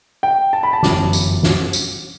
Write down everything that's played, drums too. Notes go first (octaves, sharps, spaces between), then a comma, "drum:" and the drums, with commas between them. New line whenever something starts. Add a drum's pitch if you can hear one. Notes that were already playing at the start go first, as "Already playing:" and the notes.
G5
A5
B5
A5
G1 F#2 E3 G3 D6, drum: snare
drum: tambourine
drum: snare
drum: tambourine